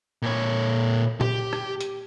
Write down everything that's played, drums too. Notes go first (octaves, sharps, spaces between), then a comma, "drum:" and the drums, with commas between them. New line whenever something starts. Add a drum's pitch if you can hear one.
A#2 C#5
G4, drum: tom A#2
drum: rim click
drum: hi-hat